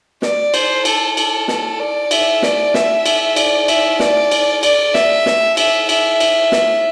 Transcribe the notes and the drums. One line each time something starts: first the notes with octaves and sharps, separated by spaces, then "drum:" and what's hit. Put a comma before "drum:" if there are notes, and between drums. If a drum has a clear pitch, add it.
D5, drum: snare
C5, drum: cymbal
A4, drum: cymbal
A4, drum: cymbal
drum: snare
D5
E5, drum: cymbal
D5, drum: snare
E5, drum: snare
drum: cymbal
D5, drum: cymbal
E5, drum: cymbal
D5, drum: snare
drum: cymbal
D5, drum: cymbal
E5, drum: snare
drum: snare
E5, drum: cymbal
E5, drum: cymbal
drum: cymbal
drum: snare